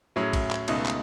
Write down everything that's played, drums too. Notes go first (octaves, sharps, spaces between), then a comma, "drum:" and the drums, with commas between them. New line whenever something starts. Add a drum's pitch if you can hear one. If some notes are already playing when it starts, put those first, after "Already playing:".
A2 F#3 C#4 E4 G#4
drum: kick, cymbal
drum: clap
C#2 B2 A3 D#4, drum: cymbal
drum: clap